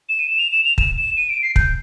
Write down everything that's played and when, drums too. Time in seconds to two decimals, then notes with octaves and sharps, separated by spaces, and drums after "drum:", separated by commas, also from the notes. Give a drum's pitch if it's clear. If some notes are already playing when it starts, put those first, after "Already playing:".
0.09 E7
0.19 D#7
0.29 E7
0.39 F7
0.52 E7
0.64 F7
0.78 E7, drum: kick
0.97 E7
1.17 D#7
1.29 D7
1.43 C7
1.56 G6, drum: kick